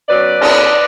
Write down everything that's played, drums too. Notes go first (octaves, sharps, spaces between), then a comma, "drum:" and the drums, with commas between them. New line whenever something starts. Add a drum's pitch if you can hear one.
B2 F#3 C#4 B4 D5
B2 A3 C#4, drum: cymbal